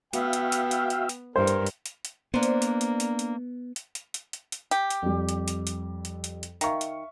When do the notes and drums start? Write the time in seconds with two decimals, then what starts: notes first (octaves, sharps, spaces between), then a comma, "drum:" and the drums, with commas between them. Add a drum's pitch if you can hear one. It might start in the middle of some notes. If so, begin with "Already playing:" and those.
0.13 B3 F#4 E5 F5 G5, drum: hi-hat
0.33 drum: hi-hat
0.52 drum: hi-hat
0.71 drum: hi-hat
0.90 drum: hi-hat
1.09 drum: hi-hat
1.36 G2 A#4 C5
1.47 drum: hi-hat
1.67 drum: hi-hat
1.86 drum: hi-hat
2.05 drum: hi-hat
2.34 A#3 B3 D4 C5
2.43 drum: hi-hat
2.62 drum: hi-hat
2.81 drum: hi-hat
3.00 drum: hi-hat
3.19 drum: hi-hat
3.76 drum: hi-hat
3.95 drum: hi-hat
4.14 drum: hi-hat
4.33 drum: hi-hat
4.52 drum: hi-hat
4.71 G4, drum: hi-hat
4.90 drum: hi-hat
5.02 F2 G3
5.29 drum: hi-hat
5.48 drum: hi-hat
5.67 drum: hi-hat
6.05 drum: hi-hat
6.24 drum: hi-hat
6.43 drum: hi-hat
6.61 D#3 E5 F5 C#6, drum: hi-hat
6.81 drum: hi-hat